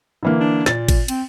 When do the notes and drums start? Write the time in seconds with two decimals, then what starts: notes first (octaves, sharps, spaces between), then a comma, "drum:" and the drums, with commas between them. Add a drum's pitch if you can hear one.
0.23 D3 E3 A#3
0.40 D4
0.66 A#2 A6, drum: snare
0.88 drum: kick, cymbal
1.08 C4, drum: cymbal